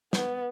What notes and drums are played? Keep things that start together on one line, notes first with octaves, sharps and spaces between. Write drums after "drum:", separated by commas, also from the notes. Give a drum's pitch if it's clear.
B3, drum: snare